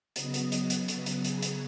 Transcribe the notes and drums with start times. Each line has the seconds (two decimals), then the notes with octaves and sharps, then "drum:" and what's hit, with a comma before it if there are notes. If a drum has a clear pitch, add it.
0.16 C#3 F#3 B3 D#5, drum: hi-hat
0.34 drum: hi-hat
0.52 drum: hi-hat
0.70 drum: hi-hat
0.88 B4, drum: hi-hat
1.06 drum: hi-hat
1.24 G#4, drum: hi-hat
1.42 drum: hi-hat